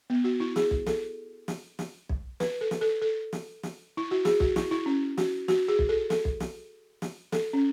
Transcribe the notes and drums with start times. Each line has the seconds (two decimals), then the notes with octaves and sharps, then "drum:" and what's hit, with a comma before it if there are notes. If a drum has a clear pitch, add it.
0.10 B3
0.24 F#4
0.40 E4
0.56 G#4, drum: snare
0.71 drum: kick B1
0.86 A4, drum: snare
1.48 drum: snare
1.79 drum: snare
2.09 drum: kick B1
2.40 B4, drum: snare
2.61 A4
2.71 drum: snare
2.81 A4
3.02 A4
3.33 drum: snare
3.63 drum: snare
3.97 E4
4.11 F#4
4.25 G#4, drum: snare
4.40 F#4, drum: kick B1
4.56 E4, drum: snare
4.71 E4
4.86 C#4
5.18 F#4, drum: snare
5.48 F#4, drum: snare
5.68 G#4
5.79 drum: kick B1
5.89 A4
6.10 A4, drum: snare
6.25 drum: kick B1
6.40 drum: snare
7.02 drum: snare
7.32 A4, drum: snare
7.53 C#4